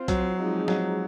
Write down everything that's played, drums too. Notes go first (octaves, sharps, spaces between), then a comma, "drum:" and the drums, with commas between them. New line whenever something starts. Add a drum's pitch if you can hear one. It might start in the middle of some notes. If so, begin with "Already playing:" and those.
Already playing: C4 F4 C5
F#3, drum: kick B1, hi-hat
F3 G#3 C4 D#4 G#4
F#3, drum: snare